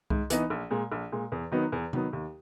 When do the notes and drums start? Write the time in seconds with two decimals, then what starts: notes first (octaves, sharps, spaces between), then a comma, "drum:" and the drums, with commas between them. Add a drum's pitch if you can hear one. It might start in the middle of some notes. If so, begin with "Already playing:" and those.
0.10 G#2, drum: kick C2
0.30 E3 B3 D#4, drum: hi-hat
0.50 A#1
0.71 A#2 G#3
0.92 A#1
1.12 A#2 G#3
1.32 E2
1.52 D#3 F#3 B3 D#4
1.72 E2
1.93 D#3 F#3 B3 D#4, drum: tom C3
2.13 D#2